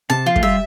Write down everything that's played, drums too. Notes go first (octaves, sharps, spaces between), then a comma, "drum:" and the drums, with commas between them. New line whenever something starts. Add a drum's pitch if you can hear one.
C3 A5
F3 F4
A3, drum: kick
G3 E5